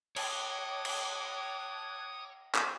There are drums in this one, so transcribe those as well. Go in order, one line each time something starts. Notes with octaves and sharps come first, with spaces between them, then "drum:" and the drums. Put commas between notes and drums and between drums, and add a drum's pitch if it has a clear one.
C#5 A5 D6 D#6 F#6 G#6, drum: cymbal
drum: cymbal
drum: clap